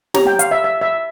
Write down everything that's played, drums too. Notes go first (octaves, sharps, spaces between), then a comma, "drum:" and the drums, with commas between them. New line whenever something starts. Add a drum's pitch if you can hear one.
G4 C#5 A#5, drum: snare
G5
F5, drum: hi-hat
E5
E5
E5